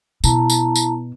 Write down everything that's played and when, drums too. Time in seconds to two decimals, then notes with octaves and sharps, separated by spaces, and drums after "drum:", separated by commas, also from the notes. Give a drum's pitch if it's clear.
0.24 B2 E4 A5 A#5, drum: tambourine
0.50 drum: tambourine
0.76 drum: tambourine